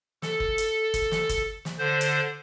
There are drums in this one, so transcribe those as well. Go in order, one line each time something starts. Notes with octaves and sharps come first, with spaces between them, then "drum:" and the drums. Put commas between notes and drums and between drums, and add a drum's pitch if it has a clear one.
A4, drum: snare
drum: kick
drum: hi-hat
drum: kick, hi-hat
drum: snare
drum: kick, hi-hat
drum: snare
D3 C5
drum: hi-hat